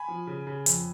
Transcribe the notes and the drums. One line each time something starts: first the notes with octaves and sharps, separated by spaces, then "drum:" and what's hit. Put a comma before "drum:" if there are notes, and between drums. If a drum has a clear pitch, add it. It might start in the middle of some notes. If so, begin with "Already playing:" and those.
Already playing: G#5 B5
F3
C#3
C#3
F2, drum: hi-hat